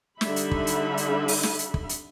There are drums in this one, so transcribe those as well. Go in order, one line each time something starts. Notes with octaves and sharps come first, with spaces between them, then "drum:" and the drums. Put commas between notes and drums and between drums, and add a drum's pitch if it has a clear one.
D3 G3 D4 D#4 E5 B5, drum: snare
drum: hi-hat
drum: kick
drum: hi-hat
drum: hi-hat
drum: open hi-hat
drum: snare
drum: hi-hat
drum: kick
drum: hi-hat